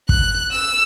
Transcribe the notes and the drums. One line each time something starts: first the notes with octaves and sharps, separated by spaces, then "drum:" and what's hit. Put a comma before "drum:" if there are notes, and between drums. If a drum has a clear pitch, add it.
F#6, drum: kick
E6